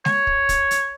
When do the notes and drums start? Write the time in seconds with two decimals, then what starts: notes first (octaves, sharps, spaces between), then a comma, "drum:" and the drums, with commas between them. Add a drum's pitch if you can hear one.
0.05 C#5, drum: snare G#3
0.27 drum: kick
0.49 drum: kick, hi-hat
0.71 drum: hi-hat